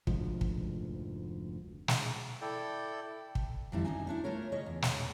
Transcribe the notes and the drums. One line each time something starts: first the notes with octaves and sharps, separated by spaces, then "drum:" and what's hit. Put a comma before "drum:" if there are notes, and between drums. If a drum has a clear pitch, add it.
F1 D2 G#2 F3, drum: kick
drum: kick
drum: snare
E4 A4 D5 G5
drum: kick
F2 D#3 G3 C4 E4
D2 A#2 C#4 D#4 G#5
A3 D4 E4
A3 F4 A#4 C#5
C#3 C#5 D#5
E2
drum: snare